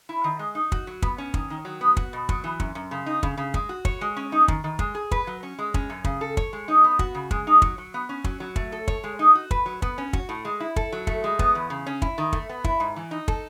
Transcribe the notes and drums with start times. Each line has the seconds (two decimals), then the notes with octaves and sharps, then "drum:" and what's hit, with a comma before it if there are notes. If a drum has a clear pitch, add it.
0.09 E4
0.24 D#3
0.39 G#3
0.55 D#4
0.72 F#4, drum: kick
0.87 F#3
1.02 B3, drum: kick
1.18 C#4
1.34 D#3, drum: kick
1.50 D#3
1.65 F#3
1.81 B3
1.97 F#4, drum: kick
2.13 B2
2.29 F#3, drum: kick
2.44 E3
2.60 F#2, drum: kick
2.75 F#2
2.91 C#3
3.06 D#4
3.23 C#3, drum: kick
3.38 C#3
3.54 G#3, drum: kick
3.69 F#4
3.85 C#5, drum: kick
4.01 G#3
4.16 C#4
4.32 D#4
4.48 D#3, drum: kick
4.64 D#3
4.79 G#3, drum: kick
4.95 G#4
5.11 B4, drum: kick
5.27 F#3
5.43 C#4
5.59 G#3
5.74 C#4, drum: kick
5.90 F#2
6.04 C#3, drum: kick
6.21 A4
6.37 C#5, drum: kick
6.53 G#3
6.68 D#4
6.84 B3
6.99 F#4, drum: kick
7.15 C#3
7.31 G#3, drum: kick
7.47 D#4
7.62 F#3, drum: kick
7.78 F#3
7.94 B3
8.09 C#4
8.24 F#3, drum: kick
8.40 F#3
8.56 A3, drum: kick
8.72 A4
8.88 C#5, drum: kick
9.04 G#3
9.19 D#4
9.35 F#4
9.51 B4, drum: kick
9.66 F#3
9.82 B3, drum: kick
9.98 C#4
10.13 F#4, drum: kick
10.29 A2
10.45 G#3
10.60 E4
10.76 A4, drum: kick
10.92 F#3
11.07 A3, drum: kick
11.24 G#3
11.39 B3, drum: kick
11.55 E2
11.70 C#3
11.87 C#4
12.02 E4, drum: kick
12.18 D#3
12.33 A3, drum: kick
12.49 B3
12.64 E4, drum: kick
12.80 G#2
12.96 E3
13.11 D#4
13.28 A4, drum: kick